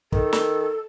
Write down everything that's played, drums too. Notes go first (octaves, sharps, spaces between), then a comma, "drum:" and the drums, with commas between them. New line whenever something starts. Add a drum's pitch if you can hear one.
D#3 A4, drum: kick
drum: snare